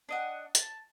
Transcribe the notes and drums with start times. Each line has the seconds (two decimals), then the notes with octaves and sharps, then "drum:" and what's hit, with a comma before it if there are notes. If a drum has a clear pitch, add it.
0.09 D4 D#5 F#5
0.55 A5, drum: hi-hat